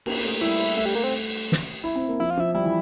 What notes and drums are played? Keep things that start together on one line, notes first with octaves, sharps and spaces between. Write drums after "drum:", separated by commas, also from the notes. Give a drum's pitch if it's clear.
A#3, drum: cymbal
A3
G3 E4
A3 E4
G3
A#3
C4
drum: snare
E4
C4
A#3
F3 E4
F4
F3 E4
G3 E4
E3